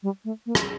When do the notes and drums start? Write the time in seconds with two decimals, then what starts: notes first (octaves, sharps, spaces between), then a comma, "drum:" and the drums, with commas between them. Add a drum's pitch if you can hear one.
0.03 G3
0.25 A3
0.46 A#3
0.55 drum: rim click